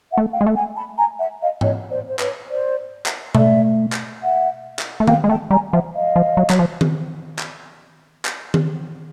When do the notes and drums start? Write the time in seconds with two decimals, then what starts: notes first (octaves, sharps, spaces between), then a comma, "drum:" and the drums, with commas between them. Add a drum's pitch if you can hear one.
0.10 E5 F#5
0.18 A3
0.31 F5 G5
0.41 G#3
0.47 A3
0.54 F#5 G#5
0.75 A5 B5
0.97 G#5 A#5
1.18 E5 F#5
1.41 D#5 F5
1.61 C#5 D#5, drum: tom G#2
1.90 C5 D5
2.09 C5
2.19 B4 C#5, drum: clap
2.48 C5 D5
3.06 drum: clap
3.35 A3 D5 E5, drum: tom B2
3.92 drum: clap
4.22 E5 F#5
4.79 drum: clap
5.00 A3
5.07 A#3 F5 G5, drum: tom D#3
5.24 G#3
5.29 A3 G5 A5
5.51 G3 G#5 A#5
5.72 F3 E5 F#5
5.94 D#5 F5
6.16 F3
6.37 F#3
6.50 F#3, drum: clap
6.59 F3
6.81 drum: tom D#3
7.39 drum: clap
8.25 drum: clap
8.54 drum: tom D#3